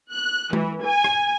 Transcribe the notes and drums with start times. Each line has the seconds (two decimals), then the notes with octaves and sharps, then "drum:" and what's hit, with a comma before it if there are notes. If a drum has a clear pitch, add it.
0.11 F#6
0.53 E3, drum: tom G#3
0.84 G#5
1.04 drum: rim click